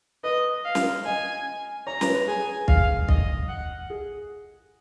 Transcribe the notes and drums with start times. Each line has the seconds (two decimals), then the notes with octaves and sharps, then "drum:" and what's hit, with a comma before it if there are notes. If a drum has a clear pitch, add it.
0.24 B4 D#5
0.65 F5
0.75 drum: snare
1.06 D#5 G#5
1.87 C#5 A#5
2.01 B4, drum: snare
2.14 B4
2.28 G#4 G#5
2.68 F5, drum: kick
3.09 D#5, drum: kick
3.49 F#5
3.90 G#4